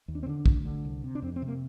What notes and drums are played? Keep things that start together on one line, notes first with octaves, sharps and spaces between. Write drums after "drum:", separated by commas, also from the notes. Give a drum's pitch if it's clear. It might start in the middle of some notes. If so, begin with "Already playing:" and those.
D#2
D4
C4
D3 D4
D2, drum: kick
D3
C2
C3
D4
F2 C4
C4
C3
A#3